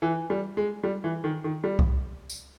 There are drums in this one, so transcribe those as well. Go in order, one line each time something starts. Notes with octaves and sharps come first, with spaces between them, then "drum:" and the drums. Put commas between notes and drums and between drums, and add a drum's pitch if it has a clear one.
E3
G3
G#3
G3
E3
D#3
D#3
G3
drum: kick C2
drum: tambourine